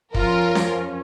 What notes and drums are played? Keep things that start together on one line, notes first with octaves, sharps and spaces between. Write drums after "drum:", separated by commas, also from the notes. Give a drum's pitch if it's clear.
F2 F3 C#4 F4 A#4, drum: kick
drum: snare C#4